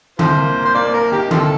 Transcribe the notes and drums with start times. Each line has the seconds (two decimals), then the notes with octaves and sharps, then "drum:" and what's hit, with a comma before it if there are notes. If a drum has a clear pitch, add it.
0.19 C2 F4 A4 C5, drum: tom D3
0.38 A#3
0.56 A#3
0.65 C5
0.75 A#3 D5
0.94 A#3 A#4
1.12 D#3 G4
1.31 C2 C4 F4 A4, drum: tom D3